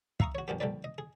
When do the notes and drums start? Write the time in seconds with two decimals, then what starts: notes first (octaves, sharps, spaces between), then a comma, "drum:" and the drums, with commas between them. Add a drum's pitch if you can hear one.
0.20 E5 F5 A#5 C#6 D#6, drum: kick
0.35 F#4 C#5
0.48 A#1 A#2 B3 G4
0.60 A#1 D3 G3 B4 D5
0.84 D#5
0.98 G#4